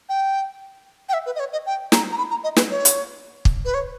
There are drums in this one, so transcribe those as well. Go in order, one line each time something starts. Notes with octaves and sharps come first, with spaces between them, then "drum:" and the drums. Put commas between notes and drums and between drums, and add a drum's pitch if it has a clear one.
G5
G5
E5
B4
D#5
C#5
D#5
G5
A#5, drum: snare
A#5
B5
A#5
D#5
B4, drum: snare
C#5
drum: hi-hat
drum: kick
B4
C#5